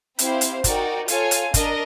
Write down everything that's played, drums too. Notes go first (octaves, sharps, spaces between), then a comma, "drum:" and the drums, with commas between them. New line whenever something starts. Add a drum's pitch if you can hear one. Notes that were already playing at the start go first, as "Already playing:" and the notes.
C4 E4 G4 C5 F5, drum: hi-hat
drum: hi-hat
D#4 F#4 A#4 D5 G5, drum: kick, hi-hat
F4 A4 C#5 F5 G#5, drum: hi-hat
drum: hi-hat
D4 A#4 D#5, drum: kick, hi-hat